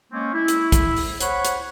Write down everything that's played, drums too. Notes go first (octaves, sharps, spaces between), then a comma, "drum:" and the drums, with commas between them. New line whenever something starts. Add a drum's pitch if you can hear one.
G#3 A#3 C4 C#4
E4
drum: hi-hat
drum: kick, hi-hat
drum: open hi-hat
C5 C#5 F#5 B5 C#6, drum: hi-hat
drum: hi-hat